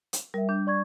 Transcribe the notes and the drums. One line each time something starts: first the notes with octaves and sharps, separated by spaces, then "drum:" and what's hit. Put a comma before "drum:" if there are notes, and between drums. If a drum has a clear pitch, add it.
drum: hi-hat
G3 A#4 E5
D4 G6
D5 C#6 G#6